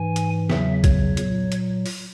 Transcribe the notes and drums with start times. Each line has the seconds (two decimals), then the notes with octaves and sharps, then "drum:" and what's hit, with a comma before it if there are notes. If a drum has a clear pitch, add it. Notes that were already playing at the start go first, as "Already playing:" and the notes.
Already playing: G#2 E3 G#5
0.16 drum: hi-hat
0.50 E2 C#3 F#3 E5, drum: snare
0.84 C#5, drum: kick A#1, hi-hat
1.17 A#2 F#3, drum: hi-hat
1.52 drum: hi-hat
1.86 drum: open hi-hat